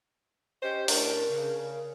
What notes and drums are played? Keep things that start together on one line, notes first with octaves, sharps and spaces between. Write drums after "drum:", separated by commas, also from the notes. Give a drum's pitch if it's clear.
C#4 G4 C5 D#5
A2 C#4 D4 A#4, drum: open hi-hat
C#3